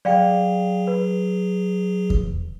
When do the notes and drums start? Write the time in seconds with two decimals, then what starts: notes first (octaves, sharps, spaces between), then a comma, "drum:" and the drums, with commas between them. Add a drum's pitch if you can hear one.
0.05 F#3 G#4 D5 F5 G5
0.87 B4
2.10 drum: kick E2